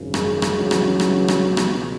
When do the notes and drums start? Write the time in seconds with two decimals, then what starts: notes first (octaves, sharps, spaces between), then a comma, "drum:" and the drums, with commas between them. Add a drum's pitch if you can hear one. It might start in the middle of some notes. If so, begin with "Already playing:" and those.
Already playing: G#1 F#2 C#3
0.14 G#3, drum: rim click
0.42 drum: rim click
0.57 C#2 C#3 E3 F#3
0.71 drum: rim click
1.00 drum: rim click
1.28 drum: rim click
1.43 C#2 B2
1.57 drum: rim click